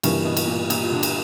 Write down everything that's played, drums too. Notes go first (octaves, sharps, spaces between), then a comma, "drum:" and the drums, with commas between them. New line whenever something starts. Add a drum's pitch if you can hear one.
G2 C#3 E3 A#3 E4, drum: cymbal
B2
drum: cymbal
A#2
A#2, drum: cymbal
D3
drum: cymbal